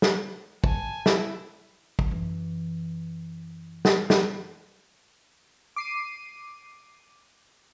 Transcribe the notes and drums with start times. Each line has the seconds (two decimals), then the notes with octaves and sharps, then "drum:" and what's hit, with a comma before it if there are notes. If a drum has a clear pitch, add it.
0.02 drum: snare
0.64 G#5 A5, drum: kick
1.06 E4, drum: snare
1.99 drum: kick
2.08 F#2 E3
3.85 drum: snare
4.10 drum: snare
5.76 D6 C7 D#7